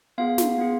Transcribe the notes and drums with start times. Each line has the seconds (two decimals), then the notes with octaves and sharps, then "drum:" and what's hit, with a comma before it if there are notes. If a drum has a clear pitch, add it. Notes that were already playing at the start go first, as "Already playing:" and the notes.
0.18 B3 F4 G#4 F5
0.38 drum: snare
0.58 B3 F4 G#4